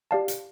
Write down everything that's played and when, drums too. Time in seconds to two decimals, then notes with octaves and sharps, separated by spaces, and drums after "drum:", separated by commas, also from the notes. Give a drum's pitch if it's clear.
0.11 G4 D5 F5 A5
0.28 drum: hi-hat